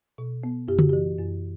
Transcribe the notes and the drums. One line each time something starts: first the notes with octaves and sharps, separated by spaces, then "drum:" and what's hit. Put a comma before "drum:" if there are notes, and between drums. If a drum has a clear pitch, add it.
B2
B3
F#2 G4
F#4, drum: tom C#3
E3 G4
F#2